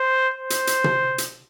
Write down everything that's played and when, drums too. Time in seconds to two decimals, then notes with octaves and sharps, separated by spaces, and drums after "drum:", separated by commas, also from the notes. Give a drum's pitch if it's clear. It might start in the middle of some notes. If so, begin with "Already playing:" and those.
Already playing: C5
0.34 C5
0.50 drum: hi-hat
0.67 drum: hi-hat
0.84 drum: tom
1.18 drum: hi-hat